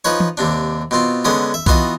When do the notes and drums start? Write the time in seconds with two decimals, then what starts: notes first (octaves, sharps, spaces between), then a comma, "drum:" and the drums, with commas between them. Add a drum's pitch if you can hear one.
0.05 F3 D#4 B4 C#5
0.20 drum: tom
0.37 D#2 C3 D4
0.91 B2 C4 F4
1.25 D3 G#3 B3 C#4 D#6
1.54 E5
1.66 E3 B3 F4 F#4 D#5 D#6, drum: kick C2